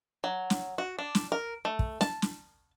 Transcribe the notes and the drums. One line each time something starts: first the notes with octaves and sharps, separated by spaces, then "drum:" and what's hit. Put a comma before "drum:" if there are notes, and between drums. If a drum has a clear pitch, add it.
F#3
drum: snare
F#4
D4
drum: snare
A#4
A3
drum: kick
A5, drum: snare
drum: snare